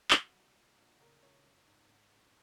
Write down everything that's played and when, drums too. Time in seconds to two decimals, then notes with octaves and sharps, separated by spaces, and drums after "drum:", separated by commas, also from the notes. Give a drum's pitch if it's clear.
0.11 C3 F#4, drum: clap
0.34 C2
0.56 A#2
0.78 A#1
1.00 C#3 A#4
1.22 C#2 C#5
1.46 F#2
1.67 G#1
1.90 G#2
2.12 A#1